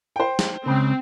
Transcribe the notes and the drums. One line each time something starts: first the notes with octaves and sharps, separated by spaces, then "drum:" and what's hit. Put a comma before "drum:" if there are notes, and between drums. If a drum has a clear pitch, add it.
C5 G5
drum: snare
C#2 C#3 C4